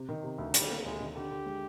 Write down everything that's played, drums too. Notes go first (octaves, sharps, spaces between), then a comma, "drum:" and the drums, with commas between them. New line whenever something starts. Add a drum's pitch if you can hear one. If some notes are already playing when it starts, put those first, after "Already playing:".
Already playing: C3
D#3
C3
D2
D2 G3, drum: hi-hat
A#3
D2 G#3
D#3
D3 G4
D3
G#3